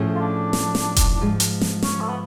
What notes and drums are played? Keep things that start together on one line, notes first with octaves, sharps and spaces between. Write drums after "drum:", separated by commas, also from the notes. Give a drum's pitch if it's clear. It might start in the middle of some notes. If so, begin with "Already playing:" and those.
Already playing: A2 F3 A3 C#4 G#4
F4
D4
drum: snare
drum: snare
drum: kick E1, hi-hat
G#2 F3 G#3
drum: hi-hat
drum: snare
C#4, drum: snare
A3
B3